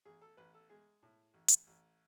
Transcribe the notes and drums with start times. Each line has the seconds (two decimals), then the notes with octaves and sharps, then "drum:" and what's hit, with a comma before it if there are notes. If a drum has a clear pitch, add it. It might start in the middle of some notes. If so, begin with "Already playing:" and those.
0.05 A1 G#4
0.21 A4
0.37 A1 B4
0.54 A4
0.70 G#3 G#4
1.03 A2
1.34 A1
1.48 drum: hi-hat
1.67 A1